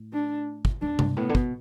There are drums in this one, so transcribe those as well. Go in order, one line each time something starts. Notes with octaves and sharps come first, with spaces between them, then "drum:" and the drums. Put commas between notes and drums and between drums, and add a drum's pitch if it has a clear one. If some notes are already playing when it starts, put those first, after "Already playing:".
Already playing: A2
D4
drum: kick
E2 D4
G2, drum: tom C3
A2 B3
D3
B2, drum: kick